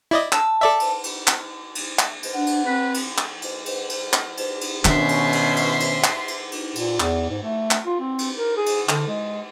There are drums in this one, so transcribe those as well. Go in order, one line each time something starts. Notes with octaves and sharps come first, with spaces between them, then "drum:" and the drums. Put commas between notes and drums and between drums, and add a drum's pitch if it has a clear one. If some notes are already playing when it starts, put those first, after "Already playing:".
E4 D5 D#5
A5 E6, drum: clap
A4 D5 E5
drum: cymbal
drum: cymbal
drum: clap
drum: cymbal
drum: clap
drum: cymbal
D4 F#5
drum: cymbal
C4 B4
drum: cymbal
drum: clap
drum: cymbal
drum: cymbal
drum: cymbal
drum: clap
drum: cymbal
drum: cymbal
B2 D#3 C#4 D4 E5 C6, drum: clap
drum: cymbal
drum: cymbal
drum: cymbal
drum: cymbal
drum: clap
drum: cymbal
drum: cymbal
A#2, drum: cymbal
E2, drum: clap
G#2
A3
drum: clap
F4
C4
drum: cymbal
A#4
G#4
drum: cymbal
D3, drum: clap
G#3